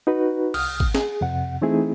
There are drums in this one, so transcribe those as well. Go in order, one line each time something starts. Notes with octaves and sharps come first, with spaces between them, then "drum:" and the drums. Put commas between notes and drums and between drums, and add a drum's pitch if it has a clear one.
D#4 F#4 B4
C2 D#6 F6, drum: cymbal
drum: kick G#1
G#4, drum: snare
F2 C3 F#5
E3 A3 C4 D#4 E4 G#4